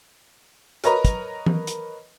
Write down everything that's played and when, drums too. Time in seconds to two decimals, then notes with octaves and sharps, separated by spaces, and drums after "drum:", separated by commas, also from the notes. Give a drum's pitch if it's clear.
0.84 A#4 B4 C#5 D#5 A#5 B5, drum: hi-hat
1.05 drum: kick, hi-hat
1.46 drum: tom E3
1.67 drum: hi-hat